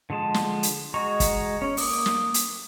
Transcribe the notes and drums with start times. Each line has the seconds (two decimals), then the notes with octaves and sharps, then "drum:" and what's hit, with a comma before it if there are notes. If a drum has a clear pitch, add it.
0.10 D3 F3 G#3 A5
0.34 drum: snare
0.63 drum: hi-hat
0.94 G#3 F#4 D#5 A#5 C#6
1.20 drum: kick, hi-hat
1.62 C#4
1.77 A#3 D6 D#6, drum: open hi-hat
2.06 drum: snare
2.34 drum: hi-hat